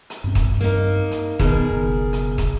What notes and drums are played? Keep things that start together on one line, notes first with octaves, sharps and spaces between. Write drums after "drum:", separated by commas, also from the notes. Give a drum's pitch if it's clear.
drum: hi-hat
G2 C4
drum: kick, hi-hat
A#3 D#4
drum: hi-hat
B2 D#3 G#4 A#4, drum: kick, hi-hat
F#1
drum: hi-hat
drum: kick, hi-hat